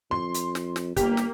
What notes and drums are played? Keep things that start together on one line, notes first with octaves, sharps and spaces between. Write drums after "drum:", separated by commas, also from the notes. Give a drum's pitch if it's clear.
F2 C6
drum: hi-hat
drum: snare
drum: snare
G1 A#3 G4, drum: kick, hi-hat
drum: snare